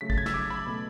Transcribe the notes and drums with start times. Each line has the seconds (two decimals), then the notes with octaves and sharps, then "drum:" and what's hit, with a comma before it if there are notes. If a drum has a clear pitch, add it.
0.01 C#3 F#3 A3 B6
0.10 A6, drum: kick
0.18 G#6
0.26 E6, drum: snare
0.34 D6
0.50 B5
0.67 B2 A3